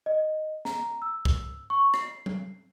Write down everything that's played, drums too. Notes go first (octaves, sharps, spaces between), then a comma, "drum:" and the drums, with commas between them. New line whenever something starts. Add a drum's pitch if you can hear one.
D#5
A#5, drum: snare
E6
drum: kick
C#6
C7, drum: rim click
drum: tom F#3